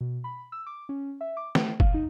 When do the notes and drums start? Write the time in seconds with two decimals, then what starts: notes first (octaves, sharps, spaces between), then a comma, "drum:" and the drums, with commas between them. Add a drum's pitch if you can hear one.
0.01 B2
0.24 B5
0.52 E6
0.66 D6
0.89 C#4
1.21 E5
1.37 D6
1.55 A3, drum: snare
1.80 F5, drum: kick F#1
1.94 D#4